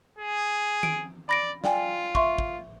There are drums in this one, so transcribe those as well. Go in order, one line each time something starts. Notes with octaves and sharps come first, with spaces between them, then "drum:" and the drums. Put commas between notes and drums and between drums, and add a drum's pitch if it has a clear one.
G#4
D7, drum: tom D#3
D5 B5 A#6 D7
F4 D5 G5 G#5, drum: snare
E5 C6 C#6, drum: kick
drum: kick